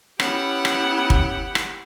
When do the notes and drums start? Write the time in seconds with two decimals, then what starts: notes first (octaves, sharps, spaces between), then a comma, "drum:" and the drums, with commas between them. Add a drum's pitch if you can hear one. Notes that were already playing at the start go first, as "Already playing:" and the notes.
0.20 B3 C#4 E4 G4 F#5, drum: rim click
0.65 drum: rim click
1.10 drum: kick
1.55 drum: rim click